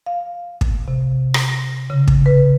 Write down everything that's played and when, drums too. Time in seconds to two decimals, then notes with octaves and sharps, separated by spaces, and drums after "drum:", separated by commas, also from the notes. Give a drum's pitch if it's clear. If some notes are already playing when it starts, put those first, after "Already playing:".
0.06 F5
0.61 drum: kick
0.88 C3
1.34 drum: rim click
1.52 A#6
1.90 C#3
2.08 drum: kick
2.26 B4